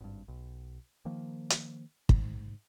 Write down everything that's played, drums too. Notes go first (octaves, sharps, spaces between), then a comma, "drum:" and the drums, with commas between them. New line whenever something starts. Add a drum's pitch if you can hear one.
G#1 G2
B1
D#3 F3 A#3
drum: hi-hat
G#2, drum: kick